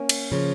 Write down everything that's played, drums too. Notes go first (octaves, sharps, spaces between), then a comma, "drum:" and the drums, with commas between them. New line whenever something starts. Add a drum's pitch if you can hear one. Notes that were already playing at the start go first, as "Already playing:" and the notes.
Already playing: A#3 C#4
drum: cymbal
C#3 F3